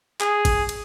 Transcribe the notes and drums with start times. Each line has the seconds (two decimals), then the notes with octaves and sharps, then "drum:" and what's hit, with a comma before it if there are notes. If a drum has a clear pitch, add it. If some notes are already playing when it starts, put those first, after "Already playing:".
0.21 G#4, drum: clap
0.45 drum: kick, cymbal
0.69 drum: cymbal